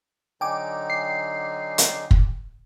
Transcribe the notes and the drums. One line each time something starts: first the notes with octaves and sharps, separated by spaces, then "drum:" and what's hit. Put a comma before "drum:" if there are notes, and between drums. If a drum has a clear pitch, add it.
D3 F#3 D#4 G5 G#5 D6
C7
drum: hi-hat
drum: kick